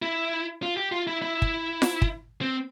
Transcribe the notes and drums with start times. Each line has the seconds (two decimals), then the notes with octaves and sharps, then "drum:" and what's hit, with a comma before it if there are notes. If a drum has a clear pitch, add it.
0.02 E4
0.63 F4
0.77 G4
0.92 F4
1.07 E4
1.22 E4
1.42 drum: kick
1.82 drum: snare F4
2.02 drum: kick
2.41 C4